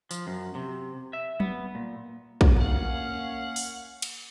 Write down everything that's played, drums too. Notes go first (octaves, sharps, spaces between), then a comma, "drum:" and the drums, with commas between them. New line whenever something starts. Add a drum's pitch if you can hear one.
F3, drum: tambourine
F#2
C3
E5
B3, drum: tom F#3
A#2
drum: kick
A#3 C#4 F5 F#5
drum: open hi-hat
drum: cymbal